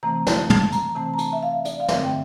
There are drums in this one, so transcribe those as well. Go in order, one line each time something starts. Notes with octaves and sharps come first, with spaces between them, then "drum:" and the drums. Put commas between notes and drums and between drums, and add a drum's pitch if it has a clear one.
C3 E3 A3 C4 A#5
A5, drum: snare
A5, drum: tom
A#5, drum: hi-hat
C3 E3 A3 C4 A5
A#5
A5, drum: hi-hat
E5
F5
D5, drum: hi-hat
F5
G2 D3 A3 C4 E5, drum: snare
G5